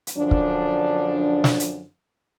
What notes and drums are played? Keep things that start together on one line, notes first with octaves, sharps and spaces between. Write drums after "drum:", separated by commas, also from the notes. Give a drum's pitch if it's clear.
drum: hi-hat
F#2 D3 F3 D4
drum: kick
drum: snare
drum: hi-hat